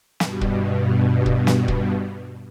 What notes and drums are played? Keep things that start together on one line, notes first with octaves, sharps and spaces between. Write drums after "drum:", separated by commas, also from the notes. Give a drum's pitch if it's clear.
G2 B2, drum: snare
drum: kick
drum: kick
drum: snare
drum: kick